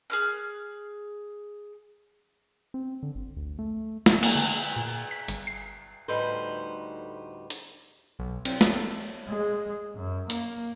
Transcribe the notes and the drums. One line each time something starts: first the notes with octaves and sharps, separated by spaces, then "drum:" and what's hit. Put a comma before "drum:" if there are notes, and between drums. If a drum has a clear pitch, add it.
G#4 F6 F#6
C4
D3
G1
D2
A3
drum: snare
A#3, drum: cymbal
D3
A#2
B6
G1, drum: hi-hat
C7
D2 A2 G3 D#4 B4 C5
drum: hi-hat
B1
C4, drum: cymbal
A4, drum: snare
G#3
F#2
A#3, drum: hi-hat